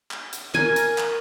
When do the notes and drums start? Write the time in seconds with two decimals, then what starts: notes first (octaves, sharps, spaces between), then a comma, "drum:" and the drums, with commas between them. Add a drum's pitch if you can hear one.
0.11 drum: clap
0.33 drum: hi-hat
0.55 A#4 G#5, drum: clap
0.76 drum: hi-hat
0.98 drum: clap